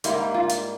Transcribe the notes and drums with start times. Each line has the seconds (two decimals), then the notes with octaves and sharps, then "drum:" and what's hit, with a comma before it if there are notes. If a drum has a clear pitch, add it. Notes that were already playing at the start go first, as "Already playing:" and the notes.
0.04 G#2 G3 A#3 E4, drum: hi-hat
0.34 F4
0.49 drum: hi-hat